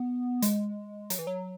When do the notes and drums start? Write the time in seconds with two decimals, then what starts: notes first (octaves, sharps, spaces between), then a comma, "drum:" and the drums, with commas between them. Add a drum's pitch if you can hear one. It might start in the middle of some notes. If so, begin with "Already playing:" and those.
Already playing: B3
0.42 G#3, drum: hi-hat
1.10 F#3, drum: hi-hat
1.19 E3
1.27 F#3